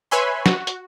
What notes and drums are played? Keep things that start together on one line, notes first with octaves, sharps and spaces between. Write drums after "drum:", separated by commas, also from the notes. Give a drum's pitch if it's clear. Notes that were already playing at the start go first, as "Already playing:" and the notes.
B4 C#5 E5 G#5 B5 C6
F#4, drum: snare
drum: hi-hat